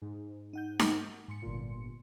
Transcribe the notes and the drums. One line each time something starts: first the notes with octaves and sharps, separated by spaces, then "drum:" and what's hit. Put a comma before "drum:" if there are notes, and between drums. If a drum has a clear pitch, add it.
G#2
D#4 F#5 G6
drum: snare D#4
G#2 C6 C#7
G1 A#2